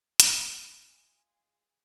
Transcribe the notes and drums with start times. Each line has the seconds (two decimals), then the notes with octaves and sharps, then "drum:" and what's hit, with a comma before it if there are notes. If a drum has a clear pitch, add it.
0.20 G#3 F4 G#4 G#5, drum: hi-hat